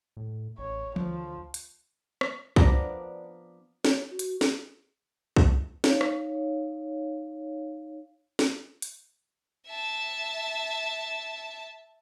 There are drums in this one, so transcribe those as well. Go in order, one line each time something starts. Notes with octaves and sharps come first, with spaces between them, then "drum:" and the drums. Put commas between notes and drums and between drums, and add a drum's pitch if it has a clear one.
A2
A1 C#5
D2 F3, drum: tom E3
drum: hi-hat
drum: rim click
F3 B3 D4 A#4, drum: kick
C#5, drum: snare
F#4
drum: hi-hat
G#4, drum: snare
drum: kick
D#4 C#5 F5, drum: snare
drum: rim click
drum: snare
drum: hi-hat
E5 A5